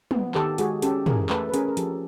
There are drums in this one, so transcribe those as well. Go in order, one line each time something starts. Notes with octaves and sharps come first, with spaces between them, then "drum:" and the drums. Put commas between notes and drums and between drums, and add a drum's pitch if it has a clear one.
B3, drum: tom
D#3 G4 A4, drum: clap
G#3 F#4 G#4, drum: hi-hat
C#4 G4 A4, drum: hi-hat
E3 G#4 A#4, drum: tom
A3 A4 B4, drum: clap
B4
C#4 G#4 A#4, drum: hi-hat
A#4
F3 G4 A4, drum: hi-hat